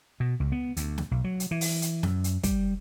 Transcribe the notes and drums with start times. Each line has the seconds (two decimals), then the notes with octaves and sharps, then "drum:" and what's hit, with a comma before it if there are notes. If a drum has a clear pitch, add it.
0.20 B2
0.40 C#2
0.52 B3
0.77 D2, drum: hi-hat
0.98 drum: snare
1.11 B1
1.24 F#3
1.40 drum: hi-hat
1.51 E3
1.61 drum: open hi-hat
1.82 drum: hi-hat
2.03 F#2, drum: snare
2.24 drum: hi-hat
2.43 G3, drum: kick, hi-hat